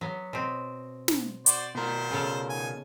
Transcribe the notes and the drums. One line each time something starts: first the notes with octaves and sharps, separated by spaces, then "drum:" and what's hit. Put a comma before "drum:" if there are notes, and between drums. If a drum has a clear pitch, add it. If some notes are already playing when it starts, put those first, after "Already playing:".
F#3 B3
B2 C4
drum: snare
F#4 C5 D5, drum: hi-hat
B2 A#4 C5
C#3 A4 F5
D#3 G#5